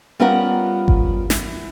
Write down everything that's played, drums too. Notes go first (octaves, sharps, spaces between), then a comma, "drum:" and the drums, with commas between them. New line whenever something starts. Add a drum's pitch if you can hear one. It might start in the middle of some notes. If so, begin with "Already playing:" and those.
G3 B3 C#4 F4 A#4 F#5
drum: kick G#1
E3, drum: snare